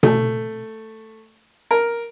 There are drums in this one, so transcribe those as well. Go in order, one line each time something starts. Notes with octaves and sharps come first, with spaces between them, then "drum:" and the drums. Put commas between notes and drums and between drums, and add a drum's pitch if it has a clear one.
A3, drum: tom B2
A#4